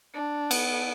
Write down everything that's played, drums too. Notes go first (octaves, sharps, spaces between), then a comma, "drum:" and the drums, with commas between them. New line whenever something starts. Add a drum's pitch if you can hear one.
D4
B3, drum: cymbal